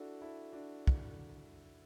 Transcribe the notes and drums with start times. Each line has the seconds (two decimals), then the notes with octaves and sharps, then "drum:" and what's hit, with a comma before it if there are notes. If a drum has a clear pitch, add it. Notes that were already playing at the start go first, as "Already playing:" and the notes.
Already playing: D4 E4 F#4 A4
0.21 E4 A4
0.52 D4 F#4
0.87 drum: kick